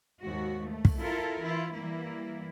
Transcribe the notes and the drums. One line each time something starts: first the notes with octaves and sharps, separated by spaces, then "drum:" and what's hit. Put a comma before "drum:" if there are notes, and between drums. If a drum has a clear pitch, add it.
D#2 G#2 F#4
A3
drum: kick
E4 F4 A4 A#4
E3 E4 F4
E3 G3 A#3 E4